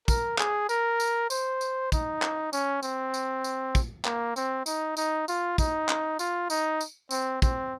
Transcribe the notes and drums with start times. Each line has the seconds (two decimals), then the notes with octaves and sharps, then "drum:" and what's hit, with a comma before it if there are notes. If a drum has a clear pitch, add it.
0.08 A#4, drum: kick, tambourine
0.38 G#4, drum: clap
0.69 A#4, drum: tambourine
1.00 drum: tambourine
1.30 C5, drum: tambourine
1.61 drum: tambourine
1.92 D#4, drum: kick, tambourine
2.22 drum: clap
2.53 C#4, drum: tambourine
2.83 C4, drum: tambourine
3.14 drum: tambourine
3.44 drum: tambourine
3.75 drum: kick, tambourine
4.05 A#3, drum: clap
4.36 C4, drum: tambourine
4.66 D#4, drum: tambourine
4.97 D#4, drum: tambourine
5.28 F4, drum: tambourine
5.58 D#4, drum: kick, tambourine
5.89 drum: clap
6.19 F4, drum: tambourine
6.50 D#4, drum: tambourine
6.81 drum: tambourine
7.11 C4, drum: tambourine
7.42 C4, drum: kick, tambourine